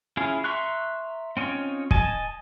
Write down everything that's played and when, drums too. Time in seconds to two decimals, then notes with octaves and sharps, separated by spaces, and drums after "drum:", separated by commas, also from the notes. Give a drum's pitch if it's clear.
0.17 C#4 E4 F4 G#4
0.44 E5 A#5 C6 C#6 F#6
1.37 C4 C#4 D#4 F4 C#5
1.91 D#5 G#5 A5, drum: kick